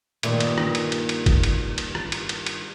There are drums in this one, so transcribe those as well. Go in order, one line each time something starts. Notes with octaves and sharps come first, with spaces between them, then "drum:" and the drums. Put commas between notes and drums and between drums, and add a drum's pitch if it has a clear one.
G2 A#2 D#3, drum: cymbal
drum: cymbal
drum: rim click
drum: cymbal
drum: cymbal
drum: cymbal
drum: kick G1, cymbal
drum: cymbal
drum: cymbal
drum: rim click
drum: cymbal
drum: cymbal
drum: cymbal